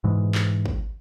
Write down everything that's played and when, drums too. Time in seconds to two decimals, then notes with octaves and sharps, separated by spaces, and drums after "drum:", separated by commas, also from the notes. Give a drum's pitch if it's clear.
0.04 G#2 B2 E3 G#3
0.35 drum: clap
0.66 drum: kick